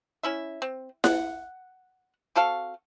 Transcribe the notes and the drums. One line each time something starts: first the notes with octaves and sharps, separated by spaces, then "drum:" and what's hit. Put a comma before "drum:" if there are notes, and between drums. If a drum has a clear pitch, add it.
C#4 E4 E5
C4
F#5, drum: snare E4
C4 F#4 A4 F5